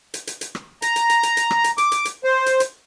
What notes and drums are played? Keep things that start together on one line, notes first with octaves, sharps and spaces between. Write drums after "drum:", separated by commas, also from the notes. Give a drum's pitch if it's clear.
drum: hi-hat
drum: hi-hat
drum: hi-hat
drum: rim click
A#5, drum: hi-hat
drum: hi-hat
drum: hi-hat
drum: hi-hat
drum: hi-hat
drum: rim click
drum: hi-hat
D6, drum: hi-hat
drum: hi-hat
drum: hi-hat
C5
drum: hi-hat
drum: hi-hat